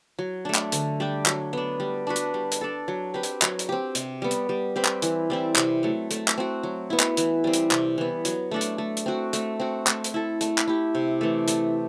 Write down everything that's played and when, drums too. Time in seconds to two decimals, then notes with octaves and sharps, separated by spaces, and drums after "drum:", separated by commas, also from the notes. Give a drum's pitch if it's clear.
0.19 F#3
0.45 A3 D4
0.55 drum: clap
0.72 D3, drum: hi-hat
1.00 G3 D4 G4
1.26 F#3, drum: clap
1.53 B3 D4
1.80 G3
2.07 D4 F#4 B4
2.16 drum: hi-hat
2.34 G3
2.52 drum: hi-hat
2.61 D4 A4
2.88 F#3
3.14 C4 G4 B4
3.23 drum: hi-hat
3.42 F#3, drum: clap
3.59 drum: hi-hat
3.69 C4 G4
3.95 C3, drum: hi-hat
4.22 G3 B3
4.31 drum: hi-hat
4.49 G3
4.76 C4 G4 B4
4.85 drum: clap
5.02 E3, drum: hi-hat
5.30 G3 C4 E4
5.56 C3, drum: clap
5.83 F#3 A3
6.11 A3, drum: hi-hat
6.28 drum: clap
6.38 C4 F#4
6.63 F#3
6.90 B3 E4
7.00 drum: clap
7.17 E3, drum: hi-hat
7.44 G3 C4
7.53 drum: hi-hat
7.71 C3, drum: clap
7.98 E3 B3
8.25 F#3, drum: hi-hat
8.51 A3 D4 A4
8.61 drum: hi-hat
8.78 A3
8.97 drum: hi-hat
9.06 C4 F#4
9.33 A3, drum: hi-hat
9.60 C4 F#4
9.87 A3, drum: clap
10.04 drum: hi-hat
10.14 E4 A4
10.41 A3, drum: hi-hat
10.58 drum: clap
10.68 E4 G4
10.95 C3
11.21 E3 A3
11.48 A3, drum: hi-hat